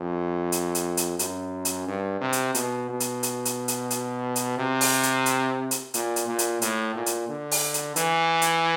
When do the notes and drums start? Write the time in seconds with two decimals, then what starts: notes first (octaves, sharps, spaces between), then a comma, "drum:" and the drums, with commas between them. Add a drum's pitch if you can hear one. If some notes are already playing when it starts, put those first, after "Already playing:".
Already playing: F2
0.52 drum: hi-hat
0.75 drum: hi-hat
0.97 drum: hi-hat
1.19 F#2, drum: hi-hat
1.65 drum: hi-hat
1.87 G2
2.21 C3
2.33 drum: hi-hat
2.55 B2, drum: hi-hat
2.90 B2
3.00 drum: hi-hat
3.23 drum: hi-hat
3.45 drum: hi-hat
3.68 drum: hi-hat
3.90 drum: hi-hat
4.36 drum: hi-hat
4.58 C3
4.81 drum: open hi-hat
5.03 drum: hi-hat
5.26 drum: hi-hat
5.71 drum: hi-hat
5.94 A#2, drum: hi-hat
6.16 drum: hi-hat
6.28 A#2
6.39 drum: hi-hat
6.62 A2, drum: hi-hat
6.95 A#2
7.06 drum: hi-hat
7.29 D3
7.51 drum: open hi-hat
7.74 drum: hi-hat
7.96 E3, drum: hi-hat
8.42 drum: hi-hat